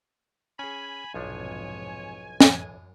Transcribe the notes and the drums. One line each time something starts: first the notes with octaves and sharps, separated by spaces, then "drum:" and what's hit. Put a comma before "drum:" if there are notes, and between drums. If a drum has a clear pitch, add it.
C#4 G#4 G#5 B5
B1 F2 G#2 C3 F3 D4 C#5
F#2, drum: snare